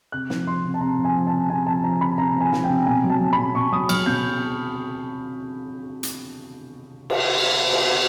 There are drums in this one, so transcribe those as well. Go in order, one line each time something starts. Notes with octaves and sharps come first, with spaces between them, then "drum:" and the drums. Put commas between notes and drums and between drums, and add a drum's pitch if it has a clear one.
C3 F#6
F3, drum: snare
F3 C6
C3
A5
C3 A#5
F3
G#5
F3
A5
C3
C3 G#5
F3 A5
F3 A#5
C3 B5
C3 A#5
F3 G#5
F3, drum: snare
G5
C3
B2 G#5
F#3
A5
F#3
B5
B2
B2 C#6
F#3 D#6
F#3 F6, drum: cymbal
B2 G6
drum: hi-hat
drum: cymbal
drum: cymbal